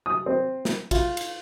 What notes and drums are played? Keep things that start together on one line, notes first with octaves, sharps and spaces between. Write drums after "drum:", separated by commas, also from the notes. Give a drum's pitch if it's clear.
D#6
C4
drum: snare
F4, drum: kick, cymbal
drum: cymbal